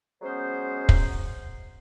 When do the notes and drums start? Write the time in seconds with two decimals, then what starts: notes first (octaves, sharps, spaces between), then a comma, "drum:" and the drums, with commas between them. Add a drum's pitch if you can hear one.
0.22 F#3 G#3 B3 C#4 C5
0.89 drum: kick